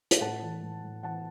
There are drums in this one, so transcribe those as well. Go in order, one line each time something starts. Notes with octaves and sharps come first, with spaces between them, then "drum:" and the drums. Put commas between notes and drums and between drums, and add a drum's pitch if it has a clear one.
drum: hi-hat
A2 F#5 A5
E3
A2
A2
E3 F#5 A5